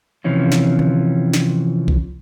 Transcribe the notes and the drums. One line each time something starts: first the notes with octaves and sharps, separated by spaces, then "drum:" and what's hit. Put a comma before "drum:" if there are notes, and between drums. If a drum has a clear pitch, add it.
C3 E3 F3 C#4 F4
drum: snare
drum: tom D3
drum: snare
drum: kick B1